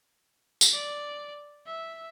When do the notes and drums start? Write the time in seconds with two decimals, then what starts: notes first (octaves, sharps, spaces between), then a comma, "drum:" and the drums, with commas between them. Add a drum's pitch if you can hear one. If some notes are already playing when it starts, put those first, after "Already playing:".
0.61 drum: tambourine
0.73 D5
1.66 E5